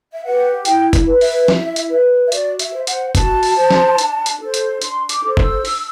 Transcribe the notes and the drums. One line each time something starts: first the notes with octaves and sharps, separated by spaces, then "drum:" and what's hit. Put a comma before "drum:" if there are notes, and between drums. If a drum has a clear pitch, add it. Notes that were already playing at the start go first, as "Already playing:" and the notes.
E5
G4 B4 F#5
E4 G5, drum: hi-hat
drum: kick, hi-hat
B4
E5, drum: open hi-hat
E4, drum: snare
drum: hi-hat
B4
E5
F#4 D5, drum: hi-hat
E5, drum: hi-hat
C5
F#5, drum: hi-hat
F#4 A5, drum: kick, hi-hat
drum: open hi-hat
C5
drum: snare
D4, drum: hi-hat
drum: hi-hat
A4 C5
drum: hi-hat
D4 C6, drum: hi-hat
D6, drum: hi-hat
A4 C5
E6, drum: kick
D4, drum: open hi-hat